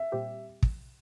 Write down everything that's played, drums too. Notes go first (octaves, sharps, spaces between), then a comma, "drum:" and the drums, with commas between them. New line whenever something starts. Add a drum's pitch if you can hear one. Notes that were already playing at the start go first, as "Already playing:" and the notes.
Already playing: E5
A#2 G3 C4 G4
drum: kick